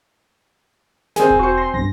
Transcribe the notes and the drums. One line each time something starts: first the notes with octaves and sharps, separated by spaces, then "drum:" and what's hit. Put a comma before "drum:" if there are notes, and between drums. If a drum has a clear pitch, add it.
D#3 C4 G#4 G#5, drum: snare
drum: kick E1
F#4 C5 C#7
C6 A#6
B1 G2 A#6